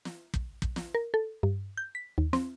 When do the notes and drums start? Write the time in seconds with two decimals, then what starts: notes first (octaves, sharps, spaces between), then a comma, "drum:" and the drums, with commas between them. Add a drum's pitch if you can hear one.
0.05 drum: snare
0.34 drum: kick
0.62 drum: kick
0.76 drum: snare
0.95 A#4
1.14 A4
1.43 G2
1.77 G6
1.95 B6
2.18 D#2
2.33 C4, drum: snare